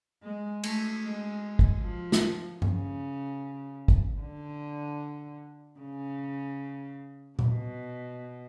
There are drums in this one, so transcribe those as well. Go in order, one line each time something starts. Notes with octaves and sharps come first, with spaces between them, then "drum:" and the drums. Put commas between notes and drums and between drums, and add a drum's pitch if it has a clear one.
G#3
A3, drum: cymbal
G#3
drum: kick
F3
drum: snare
C#3, drum: tom G2
drum: kick
D3
C#3
B2, drum: tom A#2